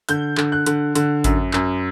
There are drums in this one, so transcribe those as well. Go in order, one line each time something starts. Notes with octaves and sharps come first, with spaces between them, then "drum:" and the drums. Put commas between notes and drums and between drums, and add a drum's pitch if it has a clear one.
D3 G6, drum: hi-hat
D3, drum: clap
F#6
D3, drum: hi-hat
D3, drum: hi-hat
F#2, drum: kick G#1, hi-hat
F#2, drum: clap